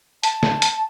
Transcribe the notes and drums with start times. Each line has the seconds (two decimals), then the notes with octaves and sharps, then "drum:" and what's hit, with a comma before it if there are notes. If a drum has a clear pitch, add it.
0.23 A5, drum: hi-hat
0.43 drum: snare
0.62 drum: hi-hat